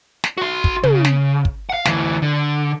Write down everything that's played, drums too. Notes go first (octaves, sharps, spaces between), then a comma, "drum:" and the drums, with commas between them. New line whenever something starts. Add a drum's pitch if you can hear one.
drum: snare
F#4 C6
drum: kick
C#3, drum: tom
drum: snare
drum: kick
F5 F#5
D2 E3, drum: snare
D3